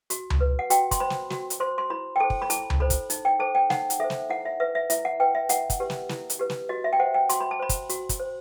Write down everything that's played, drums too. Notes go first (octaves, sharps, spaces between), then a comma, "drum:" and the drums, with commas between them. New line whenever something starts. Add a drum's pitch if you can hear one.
F#4, drum: hi-hat
drum: tom C#2
B4
F#5
F#4 G5, drum: hi-hat
C6, drum: kick, hi-hat
C5 B5
drum: snare
F#4, drum: snare
drum: hi-hat
C5 C6
C6
E4 B5
G5
A4 C5 A5
drum: kick
B5
E4 A5, drum: hi-hat
drum: tom C#2
A4 C5 B5
drum: kick, hi-hat
D#4, drum: hi-hat
G5
A4 C5 A5
G5
D#4 F#5, drum: snare
drum: hi-hat
A4 C5 E5
drum: snare
E4 F#5
E5
B4 E5
E5
E4 E5, drum: hi-hat
F#5
B4 G5
E5
E4 F#5, drum: hi-hat
drum: kick, hi-hat
G4 B4
drum: snare
E4, drum: snare
drum: hi-hat
G4 B4
drum: snare
F#4 D#5
E5
G5
C5 F#5
G5
F#4 C6, drum: hi-hat
B5
A5
C5 B5
drum: kick, hi-hat
F#4, drum: hi-hat
drum: kick, hi-hat
C5